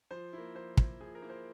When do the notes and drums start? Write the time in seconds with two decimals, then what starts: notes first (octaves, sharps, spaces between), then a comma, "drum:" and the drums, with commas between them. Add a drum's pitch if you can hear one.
0.11 F3 C5
0.33 A#3 E4
0.55 F3 C5
0.77 A#3 E4, drum: kick
1.00 F3 G#4
1.15 A#4
1.22 A#3 E4
1.29 C5